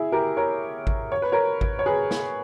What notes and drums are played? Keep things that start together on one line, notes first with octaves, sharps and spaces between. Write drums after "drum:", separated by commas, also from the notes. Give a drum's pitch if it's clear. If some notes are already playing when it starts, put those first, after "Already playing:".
Already playing: E4 G#4
G4 A#4
A#4 C#5
drum: kick G#1
C#5
B4
A#4 C#5
drum: kick G#1
C#5
G#4 B4
drum: snare